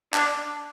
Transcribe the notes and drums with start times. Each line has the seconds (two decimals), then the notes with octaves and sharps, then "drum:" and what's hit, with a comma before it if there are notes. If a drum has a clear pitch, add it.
0.14 D4, drum: clap